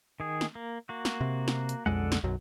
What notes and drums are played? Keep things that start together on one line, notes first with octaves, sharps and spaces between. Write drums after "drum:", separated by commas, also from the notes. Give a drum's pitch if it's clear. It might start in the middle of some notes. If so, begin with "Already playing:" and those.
D#3 G#4
drum: snare
A#3
A#3 F#4
drum: snare
C3
drum: snare
drum: hi-hat
B1 F2 D3 G#3 A4 F#5
drum: snare
B1 F#2 F#3